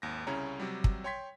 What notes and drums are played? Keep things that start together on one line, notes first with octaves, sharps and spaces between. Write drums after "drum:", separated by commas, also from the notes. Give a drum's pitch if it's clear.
G#1 D#2 A#6
C2 C#3 C#4 E4 C#5 A#5
C3 F#3 G3
drum: kick
C#5 G5 C6 G#6 B6